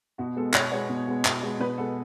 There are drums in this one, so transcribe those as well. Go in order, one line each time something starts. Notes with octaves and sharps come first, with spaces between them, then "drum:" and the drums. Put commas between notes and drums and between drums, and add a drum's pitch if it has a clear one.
B2 F#4
G#3 B3 A4
B2 C#5, drum: clap
G#3 B3 C#5
B2
G#3 B3
B2, drum: clap
G#3 B3
B2 B4
G#3 B3 A4